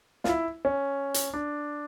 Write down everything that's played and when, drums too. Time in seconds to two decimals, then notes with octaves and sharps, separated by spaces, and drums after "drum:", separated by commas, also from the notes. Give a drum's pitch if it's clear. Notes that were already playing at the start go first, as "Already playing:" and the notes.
0.24 F4, drum: snare
0.29 E4
0.65 C#4
1.14 drum: hi-hat
1.34 D4